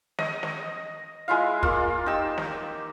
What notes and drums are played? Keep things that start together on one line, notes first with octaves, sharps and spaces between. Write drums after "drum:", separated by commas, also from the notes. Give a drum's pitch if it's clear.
D#5, drum: snare
drum: snare
G#3 E4 F4 F5
A#3 F4, drum: kick
D#4 G4 E6
drum: snare